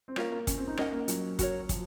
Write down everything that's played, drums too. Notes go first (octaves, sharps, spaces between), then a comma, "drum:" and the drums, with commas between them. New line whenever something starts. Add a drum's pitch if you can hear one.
C4
A#3 C#4 F4 A#4 F5, drum: rim click
A#3
C#4, drum: kick, hi-hat
C4
D#4
C#4 A#4 D#5 F#5, drum: rim click
A#3
F#3, drum: hi-hat
F#4 A#4 C#5, drum: kick, hi-hat
F3, drum: kick, hi-hat